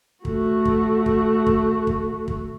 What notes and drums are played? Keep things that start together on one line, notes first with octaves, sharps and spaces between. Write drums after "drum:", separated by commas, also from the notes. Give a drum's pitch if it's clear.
A3 F#4, drum: kick
drum: kick
drum: kick
drum: kick
drum: kick
drum: kick